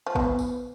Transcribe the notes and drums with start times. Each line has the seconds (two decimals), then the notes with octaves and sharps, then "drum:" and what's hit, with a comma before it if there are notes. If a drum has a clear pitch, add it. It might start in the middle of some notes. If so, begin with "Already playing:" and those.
0.06 F3
0.15 E3 B3, drum: kick
0.39 drum: tambourine